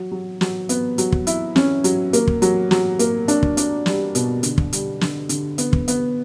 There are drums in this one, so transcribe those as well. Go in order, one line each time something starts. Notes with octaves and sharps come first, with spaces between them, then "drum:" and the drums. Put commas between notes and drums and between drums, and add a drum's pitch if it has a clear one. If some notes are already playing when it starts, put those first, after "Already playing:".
Already playing: F#3
F#3
F#3, drum: snare
B3, drum: hi-hat
F#3, drum: hi-hat
drum: kick
E4, drum: hi-hat
C#4, drum: snare
F#3, drum: hi-hat
A#3, drum: hi-hat
drum: kick
F#3, drum: hi-hat
F#3, drum: snare
A#3, drum: hi-hat
D4, drum: hi-hat
drum: kick
D4, drum: hi-hat
G3, drum: snare
B2, drum: hi-hat
D3, drum: hi-hat
drum: kick
G3, drum: hi-hat
D3, drum: snare
D3, drum: hi-hat
B3, drum: hi-hat
drum: kick
B3, drum: hi-hat